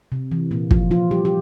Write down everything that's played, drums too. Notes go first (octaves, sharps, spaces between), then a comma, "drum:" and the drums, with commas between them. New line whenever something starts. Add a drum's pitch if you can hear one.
C3
E3
A#2 A#3
F3 F4, drum: kick
F3 F4
G3 G4
G4